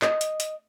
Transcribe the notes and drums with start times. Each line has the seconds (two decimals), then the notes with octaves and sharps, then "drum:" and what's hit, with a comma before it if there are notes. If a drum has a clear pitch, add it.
0.02 D#5, drum: clap
0.21 drum: hi-hat
0.40 drum: hi-hat